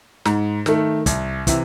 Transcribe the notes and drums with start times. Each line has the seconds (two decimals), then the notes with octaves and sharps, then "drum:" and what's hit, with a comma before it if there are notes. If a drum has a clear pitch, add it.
0.25 G#2, drum: snare
0.66 D#3 A3, drum: snare
1.06 C2, drum: kick, hi-hat
1.47 C3 E3, drum: kick, hi-hat